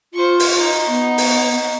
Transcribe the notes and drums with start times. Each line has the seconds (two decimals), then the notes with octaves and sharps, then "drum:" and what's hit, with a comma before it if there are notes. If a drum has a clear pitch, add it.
0.13 F4 C5 C#6
0.40 drum: open hi-hat
0.56 D#4
0.88 B3
1.18 drum: open hi-hat